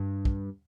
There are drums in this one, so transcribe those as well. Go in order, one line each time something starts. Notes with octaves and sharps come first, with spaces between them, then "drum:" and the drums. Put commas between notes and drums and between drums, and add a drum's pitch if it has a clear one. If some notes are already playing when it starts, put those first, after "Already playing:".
Already playing: G2
drum: kick